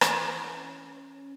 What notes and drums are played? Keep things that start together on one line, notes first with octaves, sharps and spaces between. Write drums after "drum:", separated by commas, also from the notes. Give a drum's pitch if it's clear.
E3, drum: rim click
C#4